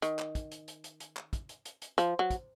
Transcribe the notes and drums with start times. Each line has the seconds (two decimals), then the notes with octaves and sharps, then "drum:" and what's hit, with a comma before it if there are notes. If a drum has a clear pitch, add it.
0.02 D#3, drum: hi-hat
0.19 drum: clap
0.35 drum: kick, hi-hat
0.51 drum: hi-hat
0.68 drum: hi-hat
0.84 drum: hi-hat
1.00 drum: hi-hat
1.17 drum: clap
1.33 drum: kick, hi-hat
1.49 drum: hi-hat
1.65 drum: hi-hat
1.82 drum: hi-hat
1.98 F3, drum: hi-hat
2.19 F#3
2.30 drum: kick, hi-hat